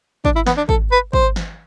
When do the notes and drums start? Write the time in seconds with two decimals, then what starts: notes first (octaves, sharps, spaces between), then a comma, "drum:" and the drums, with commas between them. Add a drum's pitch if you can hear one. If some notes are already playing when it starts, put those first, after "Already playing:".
0.25 D4, drum: kick
0.36 E4
0.46 B3, drum: snare
0.57 D4
0.69 A4, drum: kick
0.92 B4
1.13 C5, drum: kick
1.36 drum: snare